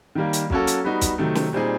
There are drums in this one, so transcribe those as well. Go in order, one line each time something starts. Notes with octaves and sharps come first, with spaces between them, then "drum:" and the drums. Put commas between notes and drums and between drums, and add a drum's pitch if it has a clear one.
D#3 G3 A#3
drum: hi-hat
F#3 A#3 C#4 F#4 A4, drum: kick
drum: hi-hat
G3 B3 D#4 F#4
drum: kick, hi-hat
C3 D#3 F#3 A3
drum: snare
A#2 G3 C4 D#4 G#4